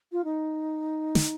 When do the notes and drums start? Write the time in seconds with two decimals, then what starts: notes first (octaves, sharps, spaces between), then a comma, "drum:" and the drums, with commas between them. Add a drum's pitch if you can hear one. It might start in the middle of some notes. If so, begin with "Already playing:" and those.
0.12 F4
0.24 D#4
1.15 drum: snare